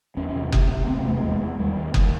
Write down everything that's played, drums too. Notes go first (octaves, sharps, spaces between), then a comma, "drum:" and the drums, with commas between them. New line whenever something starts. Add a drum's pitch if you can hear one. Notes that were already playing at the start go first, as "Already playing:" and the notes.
E2 C#4
C#4
C3
C3, drum: kick F#1
C3
C3 C4
A#3
E2 A3
G#3
E2
E2
D#2 G3
D#2
D#2, drum: kick F#1